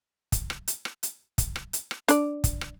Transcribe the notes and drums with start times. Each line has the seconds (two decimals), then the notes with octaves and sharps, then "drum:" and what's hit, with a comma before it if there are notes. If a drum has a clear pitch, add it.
0.32 drum: kick, hi-hat
0.50 drum: rim click
0.68 drum: hi-hat
0.85 drum: rim click
1.03 drum: hi-hat
1.38 drum: kick, hi-hat
1.56 drum: rim click
1.73 drum: hi-hat
1.91 drum: rim click
2.08 D4 D5, drum: hi-hat
2.44 drum: kick, hi-hat
2.61 drum: rim click